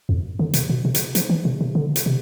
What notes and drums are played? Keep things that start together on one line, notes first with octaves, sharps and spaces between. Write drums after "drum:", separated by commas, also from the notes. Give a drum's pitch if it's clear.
F2
D3
C3, drum: hi-hat
B2
C3
drum: hi-hat
F3, drum: hi-hat
E3
C3
C3
D3
drum: hi-hat
C3